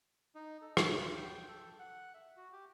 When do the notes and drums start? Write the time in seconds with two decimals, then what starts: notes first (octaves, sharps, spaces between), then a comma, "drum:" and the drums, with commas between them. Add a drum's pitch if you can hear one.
0.35 D#4
0.62 A4
0.77 E4, drum: rim click
1.15 G5
1.48 A4
1.79 F#5
2.14 E5
2.37 F#4
2.52 G4